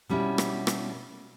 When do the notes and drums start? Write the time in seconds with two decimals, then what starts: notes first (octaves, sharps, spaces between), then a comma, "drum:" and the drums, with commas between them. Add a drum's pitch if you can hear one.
0.09 B2 G3 C#4 D4 E4
0.38 drum: rim click
0.67 drum: rim click